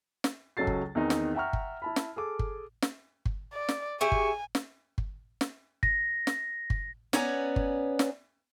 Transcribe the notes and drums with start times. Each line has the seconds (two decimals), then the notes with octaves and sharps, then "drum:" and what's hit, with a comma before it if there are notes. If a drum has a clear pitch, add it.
0.24 drum: snare
0.57 C#2 F#3 C#4 A4 A6 C7
0.67 drum: kick G1
0.95 E2 D#3 C4 D#4
1.10 drum: snare
1.35 E5 F#5 G5 A#5 C#6 F6
1.53 drum: kick G1
1.82 E4 A5 B5
1.96 drum: snare
2.16 G#4 A4 D6
2.39 drum: kick G1
2.82 drum: snare
3.25 drum: kick G1
3.53 D5
3.69 drum: snare
4.01 G4 G#4 E5 G#5 C#6
4.12 drum: kick G1
4.55 drum: snare
4.98 drum: kick G1
5.41 drum: snare
5.83 A#6, drum: kick G1
6.27 drum: snare
6.70 drum: kick G1
7.13 B3 C#4 C#5 D5 G#5 A#5, drum: snare
7.56 drum: kick G1
7.99 drum: snare